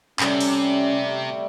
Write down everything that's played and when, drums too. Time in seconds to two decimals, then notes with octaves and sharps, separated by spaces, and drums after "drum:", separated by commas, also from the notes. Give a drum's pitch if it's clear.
0.20 C3 G3 A3 C#4, drum: clap
0.41 drum: open hi-hat